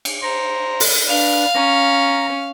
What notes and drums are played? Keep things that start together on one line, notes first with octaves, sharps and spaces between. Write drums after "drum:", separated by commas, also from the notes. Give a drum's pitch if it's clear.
drum: cymbal
C5 A#5
drum: open hi-hat
D4 B4 F5
C#4 A#5